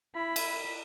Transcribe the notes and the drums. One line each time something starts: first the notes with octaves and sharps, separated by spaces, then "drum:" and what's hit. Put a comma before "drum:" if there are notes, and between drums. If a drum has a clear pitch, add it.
E4 B5
drum: cymbal